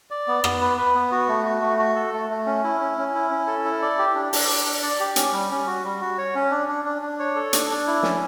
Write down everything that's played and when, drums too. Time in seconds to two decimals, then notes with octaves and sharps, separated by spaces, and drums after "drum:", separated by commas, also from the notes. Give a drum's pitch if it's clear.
0.11 D5
0.28 B3
0.44 B3, drum: rim click
0.61 B4
0.77 B4
0.95 B3
1.12 F#4
1.28 A3
1.46 F#4
1.62 A3
1.79 F#4
1.95 A4
2.13 A3
2.30 A3
2.46 C#4
2.64 E4
2.81 C#4
2.98 C#4
3.14 E4
3.31 C#4
3.47 A4
3.64 E4
3.82 D5
3.99 G4
4.15 D4
4.33 D4, drum: open hi-hat
4.48 D4
4.65 D4
4.82 D5
5.00 G4
5.16 C#4, drum: hi-hat
5.33 G3
5.51 C#4
5.67 F#4
5.84 G3
6.01 F#4
6.18 C#5
6.35 C#4
6.51 D4
6.68 D4
6.85 D4
7.02 D4
7.19 C#5
7.36 A4
7.53 D4, drum: hi-hat
7.70 D4
7.87 E4
8.03 C#4, drum: snare